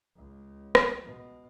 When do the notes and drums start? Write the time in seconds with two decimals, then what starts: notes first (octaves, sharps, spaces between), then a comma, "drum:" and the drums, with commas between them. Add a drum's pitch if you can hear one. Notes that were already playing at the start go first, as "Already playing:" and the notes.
0.16 C#2
0.75 drum: rim click
1.04 B2